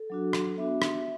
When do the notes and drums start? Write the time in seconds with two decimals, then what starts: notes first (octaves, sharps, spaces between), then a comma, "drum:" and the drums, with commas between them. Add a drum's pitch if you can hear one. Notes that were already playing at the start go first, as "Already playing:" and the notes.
Already playing: A4
0.10 F#3 D4 F#4
0.33 drum: rim click
0.57 B3 D4 F#4 E5
0.82 drum: rim click